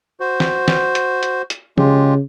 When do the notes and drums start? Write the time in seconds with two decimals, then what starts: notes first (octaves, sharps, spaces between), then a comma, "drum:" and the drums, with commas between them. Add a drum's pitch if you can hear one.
0.20 F#4 C5
0.40 drum: snare
0.68 drum: snare
0.95 drum: hi-hat
1.23 drum: hi-hat
1.50 drum: hi-hat
1.78 C#3 G#3 F4 G4, drum: tom